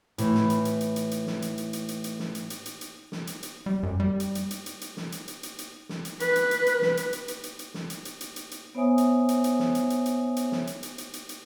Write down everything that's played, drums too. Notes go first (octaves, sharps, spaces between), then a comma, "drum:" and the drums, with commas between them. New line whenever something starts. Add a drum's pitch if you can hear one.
A2 E3, drum: hi-hat
drum: snare
drum: hi-hat
drum: hi-hat
drum: hi-hat
drum: hi-hat
drum: hi-hat
drum: snare
drum: hi-hat
drum: hi-hat
drum: hi-hat
drum: hi-hat
drum: hi-hat
drum: snare
drum: hi-hat
drum: hi-hat
drum: hi-hat
drum: hi-hat
drum: snare
drum: hi-hat
drum: hi-hat
G3
F#2
G3
drum: hi-hat
drum: hi-hat
drum: hi-hat
drum: hi-hat
drum: hi-hat
drum: snare
drum: hi-hat
drum: hi-hat
drum: hi-hat
drum: hi-hat
drum: snare
drum: hi-hat
B4, drum: hi-hat
drum: hi-hat
drum: hi-hat
drum: hi-hat
drum: snare
drum: hi-hat
drum: hi-hat
drum: hi-hat
drum: hi-hat
drum: hi-hat
drum: snare
drum: hi-hat
drum: hi-hat
drum: hi-hat
drum: hi-hat
drum: hi-hat
B3 C5 C#5 E5 G#5 D#6
drum: hi-hat
drum: hi-hat
drum: hi-hat
drum: snare
drum: hi-hat
drum: hi-hat
drum: hi-hat
drum: hi-hat
drum: snare
drum: hi-hat
drum: hi-hat
drum: hi-hat
drum: hi-hat
drum: hi-hat